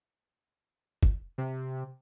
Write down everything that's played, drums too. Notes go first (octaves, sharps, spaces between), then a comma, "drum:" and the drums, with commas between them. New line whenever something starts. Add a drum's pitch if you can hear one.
drum: kick
C3